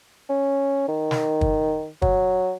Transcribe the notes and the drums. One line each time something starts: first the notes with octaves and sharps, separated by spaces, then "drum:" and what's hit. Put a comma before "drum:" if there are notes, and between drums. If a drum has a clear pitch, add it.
C#4
D#3
drum: snare
drum: kick
F#3, drum: kick